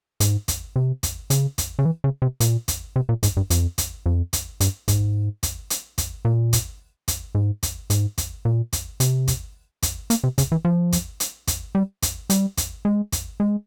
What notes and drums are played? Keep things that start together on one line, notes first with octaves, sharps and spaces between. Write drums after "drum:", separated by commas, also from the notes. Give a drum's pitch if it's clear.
G#2, drum: hi-hat
drum: kick, hi-hat
C3
drum: kick, hi-hat
C#3, drum: hi-hat
drum: kick, hi-hat
C#3
E3
C#3
C3
A#2, drum: hi-hat
drum: kick, hi-hat
C3
A#2
G#2, drum: kick, hi-hat
G2
F2, drum: hi-hat
drum: kick, hi-hat
F2
drum: kick, hi-hat
G2, drum: hi-hat
G#2, drum: kick, hi-hat
drum: kick, hi-hat
drum: hi-hat
drum: kick, hi-hat
A#2
drum: kick, hi-hat
drum: kick, hi-hat
G#2
drum: kick, hi-hat
G#2, drum: hi-hat
drum: kick, hi-hat
A#2
drum: kick, hi-hat
C3, drum: hi-hat
drum: kick, hi-hat
drum: kick, hi-hat
A#3, drum: hi-hat
C3
C#3, drum: kick, hi-hat
E3
F3
drum: kick, hi-hat
drum: hi-hat
drum: kick, hi-hat
G3
drum: kick, hi-hat
G3, drum: hi-hat
drum: kick, hi-hat
G#3
drum: kick, hi-hat
G#3